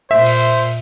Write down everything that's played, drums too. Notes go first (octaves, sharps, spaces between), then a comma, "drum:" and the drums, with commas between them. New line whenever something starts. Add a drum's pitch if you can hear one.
A#2 C5 E5
drum: open hi-hat